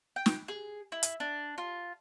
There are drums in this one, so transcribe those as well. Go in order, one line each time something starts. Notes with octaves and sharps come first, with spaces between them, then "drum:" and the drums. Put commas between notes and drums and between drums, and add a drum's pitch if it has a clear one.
G5
drum: snare
G#4
E4
drum: hi-hat
D4
F4